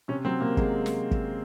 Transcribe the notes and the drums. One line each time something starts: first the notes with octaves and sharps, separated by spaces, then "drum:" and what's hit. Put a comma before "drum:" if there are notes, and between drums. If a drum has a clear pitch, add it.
C3 C#4
F#3 C4
C3 A#3
F#3 G#3, drum: kick
drum: snare
drum: kick